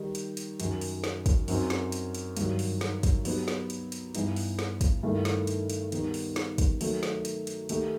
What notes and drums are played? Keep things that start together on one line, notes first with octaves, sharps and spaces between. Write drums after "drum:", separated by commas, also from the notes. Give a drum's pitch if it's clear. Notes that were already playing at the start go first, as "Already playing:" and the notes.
Already playing: D#3 G3 D#4 G4
drum: hi-hat
drum: hi-hat
F#2 D#3 F#3, drum: hi-hat
drum: open hi-hat
drum: snare
drum: kick, hi-hat
F#2 F#3 C4 D#4 F#4, drum: open hi-hat
drum: snare
drum: hi-hat
drum: hi-hat
G2 D#3 F#3, drum: hi-hat
drum: open hi-hat
drum: snare
drum: kick, hi-hat
F#3 B3 D#4 G4, drum: open hi-hat
drum: snare
drum: hi-hat
drum: hi-hat
G2 E3 B3 D#4, drum: hi-hat
drum: open hi-hat
drum: snare
drum: kick, hi-hat
G2 D#3 A3 E4 A4
drum: snare
drum: hi-hat
drum: hi-hat
D#3 G3 B3 D#4, drum: hi-hat
drum: open hi-hat
drum: snare
drum: kick, hi-hat
D#3 F#3 A3, drum: open hi-hat
drum: snare
drum: hi-hat
drum: hi-hat
D#3 A3 D#4 G4, drum: hi-hat